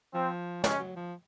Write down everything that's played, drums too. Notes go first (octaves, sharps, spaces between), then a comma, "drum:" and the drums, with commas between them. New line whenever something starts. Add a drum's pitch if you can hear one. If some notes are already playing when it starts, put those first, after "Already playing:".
F3 C4
G#3 C#4, drum: snare
F#3
F3